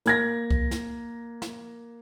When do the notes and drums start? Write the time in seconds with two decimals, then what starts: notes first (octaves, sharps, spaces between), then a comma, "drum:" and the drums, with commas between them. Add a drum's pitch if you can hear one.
0.06 A#3 G#6 A#6, drum: hi-hat
0.51 drum: kick C2
0.71 drum: snare
1.42 drum: snare